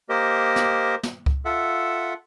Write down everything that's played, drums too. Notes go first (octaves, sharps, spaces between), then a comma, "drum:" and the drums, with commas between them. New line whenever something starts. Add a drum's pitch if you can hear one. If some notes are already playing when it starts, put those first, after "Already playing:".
A#3 G4 A#4 C5 D#5
drum: snare
drum: snare
drum: kick C#2
F4 A4 E5 F#5